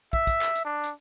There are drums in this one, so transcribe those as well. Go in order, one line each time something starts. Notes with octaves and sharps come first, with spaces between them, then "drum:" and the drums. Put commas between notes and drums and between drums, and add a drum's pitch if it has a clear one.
E5, drum: kick
drum: kick, hi-hat
drum: clap
drum: hi-hat
D4
drum: hi-hat